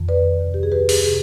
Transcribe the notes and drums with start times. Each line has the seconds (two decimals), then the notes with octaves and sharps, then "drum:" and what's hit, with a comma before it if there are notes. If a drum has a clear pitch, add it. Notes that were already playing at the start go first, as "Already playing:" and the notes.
Already playing: F2 D#3
0.08 B4 D5
0.40 D2 C3 D#3
0.54 G4
0.63 G#4
0.72 G4 B4
0.89 G#4, drum: open hi-hat
1.04 C3 G#4